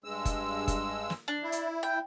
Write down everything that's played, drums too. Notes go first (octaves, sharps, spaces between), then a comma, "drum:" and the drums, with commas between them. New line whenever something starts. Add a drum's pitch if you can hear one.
G2 G#3 E6
drum: kick F#1, hi-hat
drum: kick F#1, hi-hat
drum: snare
D4
E4
drum: hi-hat
G5